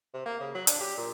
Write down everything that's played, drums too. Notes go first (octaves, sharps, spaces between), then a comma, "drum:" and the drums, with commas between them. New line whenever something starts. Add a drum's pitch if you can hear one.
C3
A#3
C#3
F#3
D4, drum: hi-hat
G4
A#2